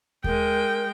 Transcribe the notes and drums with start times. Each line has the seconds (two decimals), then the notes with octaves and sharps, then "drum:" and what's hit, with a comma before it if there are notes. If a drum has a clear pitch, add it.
0.24 G#3 A#4 G5, drum: kick D#2